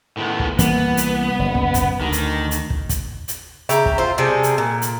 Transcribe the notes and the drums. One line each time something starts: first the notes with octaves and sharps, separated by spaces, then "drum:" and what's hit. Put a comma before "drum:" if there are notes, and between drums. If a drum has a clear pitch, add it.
A2 D#3 B3
drum: kick
C2 E3 A#3 B3, drum: kick, hi-hat
drum: hi-hat
F#1
drum: kick
drum: kick, hi-hat
D2 D#3
drum: hi-hat
drum: hi-hat
drum: kick
drum: kick, hi-hat
drum: hi-hat
C#3 G4 E5 A#5, drum: hi-hat
drum: kick
F4 C5
C3 G3 G#4 A4
drum: hi-hat
A#2
drum: hi-hat